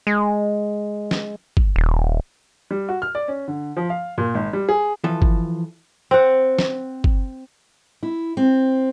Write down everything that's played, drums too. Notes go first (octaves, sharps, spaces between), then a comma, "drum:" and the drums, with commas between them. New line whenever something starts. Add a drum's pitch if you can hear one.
G#3
drum: snare
drum: kick
D#1
G3
F#4
F6
D5
C#4
D3
F3
F5
A#2
G#1
G3
G#4
E3 F3 A4
drum: kick
C4 F#5
drum: snare
drum: kick
E4
C4